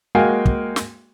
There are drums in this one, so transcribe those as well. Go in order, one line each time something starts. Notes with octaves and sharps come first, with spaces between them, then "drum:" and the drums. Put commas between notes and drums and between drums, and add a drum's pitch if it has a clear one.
G#3 A#3 F#4 F5 G5 G#5
drum: kick
drum: snare